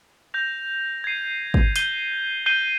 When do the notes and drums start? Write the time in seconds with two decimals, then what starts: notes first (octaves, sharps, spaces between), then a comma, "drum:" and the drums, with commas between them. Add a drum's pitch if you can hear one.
0.34 G6 A#6 F7
1.04 G#6 C7 D#7
1.54 drum: kick
1.76 G6 C7 D#7 G7, drum: hi-hat
2.46 G6 C7 D#7 G7